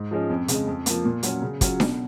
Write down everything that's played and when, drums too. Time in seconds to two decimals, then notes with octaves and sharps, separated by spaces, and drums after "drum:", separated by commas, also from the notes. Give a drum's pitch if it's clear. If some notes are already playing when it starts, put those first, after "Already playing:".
Already playing: G#2
0.11 F3 G#3 C#4
0.30 F2
0.48 C#3 G#3, drum: hi-hat
0.67 F2
0.86 F3 A#3, drum: hi-hat
1.05 A#2
1.23 F#3 C#4, drum: hi-hat
1.42 C#3
1.61 F#3 C#4 F4, drum: kick, hi-hat
1.80 B2, drum: snare D4